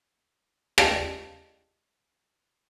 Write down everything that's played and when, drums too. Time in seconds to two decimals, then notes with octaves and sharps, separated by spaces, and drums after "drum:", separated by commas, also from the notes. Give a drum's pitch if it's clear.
0.78 G4 D5 D#5 F5 G5 A5, drum: rim click